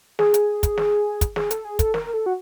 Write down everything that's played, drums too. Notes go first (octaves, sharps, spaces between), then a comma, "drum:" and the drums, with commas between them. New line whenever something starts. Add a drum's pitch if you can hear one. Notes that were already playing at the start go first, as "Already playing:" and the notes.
G#4, drum: snare
drum: hi-hat
drum: kick, hi-hat
drum: snare
drum: kick, hi-hat
G#4, drum: snare
A4, drum: hi-hat
G#4
A4, drum: kick, hi-hat
A#4, drum: snare
A4
F#4